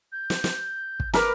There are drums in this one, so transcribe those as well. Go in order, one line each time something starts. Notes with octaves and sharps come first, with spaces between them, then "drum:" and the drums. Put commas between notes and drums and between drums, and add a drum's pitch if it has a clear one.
G6
drum: snare
drum: snare
drum: kick
A#4 B4 B5 D6, drum: snare